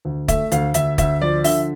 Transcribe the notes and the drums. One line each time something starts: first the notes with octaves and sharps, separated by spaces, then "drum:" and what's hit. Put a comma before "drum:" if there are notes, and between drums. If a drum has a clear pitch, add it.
D2
A3 E5, drum: kick, hi-hat
D2 F5, drum: hi-hat
D2 E5, drum: hi-hat
D2 E5, drum: kick, hi-hat
F3 D5
D3 E5, drum: open hi-hat